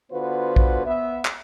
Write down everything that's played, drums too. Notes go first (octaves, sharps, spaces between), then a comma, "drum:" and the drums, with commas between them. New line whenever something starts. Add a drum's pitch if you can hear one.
D3 B3 F4 F#4 B4 C5
drum: kick
B3 E5
drum: clap